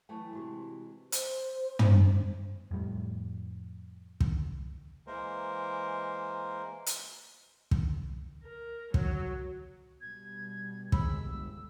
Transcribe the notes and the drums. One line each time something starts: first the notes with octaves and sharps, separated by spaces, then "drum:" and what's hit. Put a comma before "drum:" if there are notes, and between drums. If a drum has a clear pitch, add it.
E3 F#3 A3 G5 A5 C#6
C3 E3 G#3 F#4 C#6
C5, drum: hi-hat
drum: tom
F2 A2 G3
drum: kick
E3 G#3 A#3 A#4 C5
drum: hi-hat
drum: kick
A#4
F#3, drum: kick
B2 G3 G#6
G#3 B5 E6, drum: kick
G1